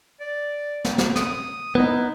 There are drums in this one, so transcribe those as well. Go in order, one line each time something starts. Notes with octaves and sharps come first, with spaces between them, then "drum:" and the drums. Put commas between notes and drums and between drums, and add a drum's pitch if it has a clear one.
D5
drum: snare
drum: snare
D#6, drum: snare
B3 D#4 E4